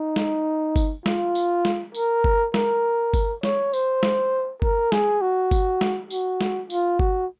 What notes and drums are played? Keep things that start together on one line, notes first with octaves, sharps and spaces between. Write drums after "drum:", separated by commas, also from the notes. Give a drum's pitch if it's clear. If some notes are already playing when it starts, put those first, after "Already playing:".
Already playing: D#4
drum: snare
drum: kick G1, tambourine
F4, drum: snare
drum: tambourine
drum: snare
A#4, drum: tambourine
drum: kick G1
A#4, drum: snare
drum: kick G1, tambourine
C#5, drum: snare
C5, drum: tambourine
drum: snare
A#4, drum: kick G1
G#4, drum: snare
F#4
drum: kick G1, tambourine
drum: snare
F#4, drum: tambourine
drum: snare
F4, drum: tambourine
F#4, drum: kick G1